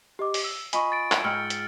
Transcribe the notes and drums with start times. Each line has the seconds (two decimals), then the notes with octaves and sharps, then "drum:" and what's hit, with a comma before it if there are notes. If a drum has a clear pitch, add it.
0.19 G4 D#5 D6
0.34 drum: open hi-hat
0.44 E6
0.73 F4 D#5 G#5 B5 C#6, drum: hi-hat
0.92 A6 D7
1.12 drum: clap
1.24 G#2 G5 E6 F6 G6 C#7
1.50 drum: hi-hat